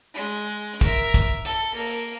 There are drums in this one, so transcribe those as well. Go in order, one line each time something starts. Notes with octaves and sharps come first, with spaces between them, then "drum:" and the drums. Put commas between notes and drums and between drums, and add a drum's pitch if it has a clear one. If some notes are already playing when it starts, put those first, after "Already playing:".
G#3
A#4 E5, drum: kick, hi-hat
drum: kick, hi-hat
A4, drum: hi-hat
A#3, drum: open hi-hat